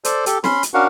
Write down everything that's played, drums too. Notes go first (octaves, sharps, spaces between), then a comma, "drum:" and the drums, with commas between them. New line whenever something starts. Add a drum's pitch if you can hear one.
A4 C5 D5, drum: hi-hat
G4 A4, drum: hi-hat
C#4 B5 C6, drum: snare
drum: hi-hat
C#4 D4 F#4 A#4 F5 F#5